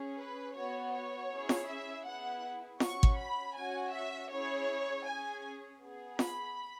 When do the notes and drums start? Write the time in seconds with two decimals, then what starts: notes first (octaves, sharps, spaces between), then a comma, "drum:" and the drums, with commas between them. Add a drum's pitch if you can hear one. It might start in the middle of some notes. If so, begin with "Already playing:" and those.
Already playing: C#4 G#4
0.17 B4
0.55 B3 F#4 C#5
0.93 C#5
1.30 C#4 E4 G#4
1.49 drum: snare F4
1.68 E5
2.05 B3 E4 G#4 F#5
2.80 C#4 F#4 C#6, drum: snare F4
3.03 drum: kick
3.18 B5
3.56 C#4 F#4 G#5
3.93 E5
4.30 C#4 E4 G#4 C#5
5.05 C#4 G#4 G#5
5.81 B3 G#4
6.19 B5, drum: snare F4